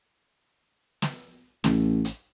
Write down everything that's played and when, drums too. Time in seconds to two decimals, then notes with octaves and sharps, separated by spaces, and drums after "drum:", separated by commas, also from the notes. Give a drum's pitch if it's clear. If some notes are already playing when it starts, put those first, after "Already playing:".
1.02 drum: snare
1.64 A1, drum: snare
2.05 drum: hi-hat